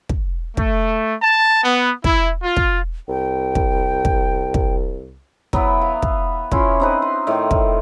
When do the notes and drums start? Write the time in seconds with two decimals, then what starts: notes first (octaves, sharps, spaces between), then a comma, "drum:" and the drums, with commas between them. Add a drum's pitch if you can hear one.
0.09 drum: kick
0.57 A3, drum: kick
1.21 A5
1.64 B3
2.04 E4, drum: kick
2.43 F4
2.57 drum: kick
3.09 C2 G5
3.55 drum: kick
4.05 drum: kick
4.54 drum: kick
5.53 F#3 B3 E4, drum: kick
5.81 F5
6.02 drum: kick
6.52 C#4 E4 F4 C#5, drum: kick
6.80 C4 D#4 B4
7.02 C6
7.27 A2 D#3
7.51 drum: kick